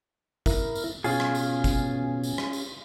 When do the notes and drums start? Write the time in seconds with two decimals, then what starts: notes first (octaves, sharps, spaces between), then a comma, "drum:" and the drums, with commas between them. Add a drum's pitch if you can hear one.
0.46 E4 A#4, drum: kick, tambourine
0.76 drum: tambourine
1.04 B2 C#4 F4 G#4, drum: tambourine
1.20 drum: rim click
1.35 drum: tambourine
1.64 drum: kick, tambourine
2.23 drum: tambourine
2.38 drum: rim click
2.53 drum: tambourine